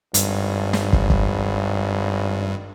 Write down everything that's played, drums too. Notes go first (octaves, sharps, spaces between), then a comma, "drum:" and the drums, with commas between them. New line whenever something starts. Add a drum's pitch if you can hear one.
G#1 G2, drum: hi-hat
drum: snare
drum: kick
drum: kick